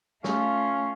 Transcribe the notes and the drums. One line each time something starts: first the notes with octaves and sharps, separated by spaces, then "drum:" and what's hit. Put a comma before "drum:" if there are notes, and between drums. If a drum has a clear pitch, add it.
A3 C#4 F4, drum: snare